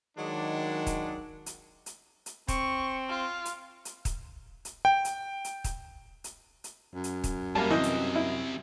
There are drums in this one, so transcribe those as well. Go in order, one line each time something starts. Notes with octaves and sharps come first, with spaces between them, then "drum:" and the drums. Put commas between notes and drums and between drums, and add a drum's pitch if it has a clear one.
D#3 F#3 G#3 D4
drum: kick, hi-hat
drum: hi-hat
drum: hi-hat
drum: hi-hat
C4 C#6, drum: kick, hi-hat
F4
drum: hi-hat
drum: hi-hat
drum: kick, hi-hat
drum: hi-hat
G5
drum: hi-hat
drum: hi-hat
drum: kick, hi-hat
drum: hi-hat
drum: hi-hat
F#2
drum: hi-hat
drum: kick, hi-hat
G3 A#3 G4 E5 A5
E3 G3 C4 D#5 G6
drum: hi-hat
E4